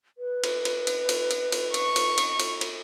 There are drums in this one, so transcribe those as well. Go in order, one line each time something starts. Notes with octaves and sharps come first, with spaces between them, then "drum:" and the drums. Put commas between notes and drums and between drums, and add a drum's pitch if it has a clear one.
B4
drum: cymbal
drum: cymbal
drum: cymbal
drum: cymbal
drum: cymbal
drum: cymbal
C#6, drum: cymbal
drum: cymbal
drum: cymbal
drum: cymbal
drum: cymbal